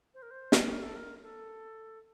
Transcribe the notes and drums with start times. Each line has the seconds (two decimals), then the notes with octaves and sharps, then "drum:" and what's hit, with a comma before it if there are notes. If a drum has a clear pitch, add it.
0.14 C5
0.22 A#4
0.31 C5
0.52 drum: snare
0.69 A#4
0.82 A4
0.95 A#4
1.23 A4